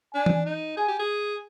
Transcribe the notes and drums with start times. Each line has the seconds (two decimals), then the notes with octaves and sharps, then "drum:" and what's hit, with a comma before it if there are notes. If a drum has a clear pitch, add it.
0.14 D4 G#5
0.26 drum: tom E3
0.46 D#4
0.77 G#4 G#5
0.88 G4
1.00 G#4